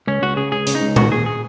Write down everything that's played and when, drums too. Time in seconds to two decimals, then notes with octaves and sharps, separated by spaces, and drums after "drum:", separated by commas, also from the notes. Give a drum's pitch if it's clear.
0.07 C#2 C#4
0.22 C#2 F#4
0.37 C#3 G#4
0.52 C#2 G#4
0.67 C#3, drum: hi-hat
0.75 D#4
0.81 C#2
0.96 D#3 F#4, drum: tom A#2
1.12 D#2 G#4
1.26 G#4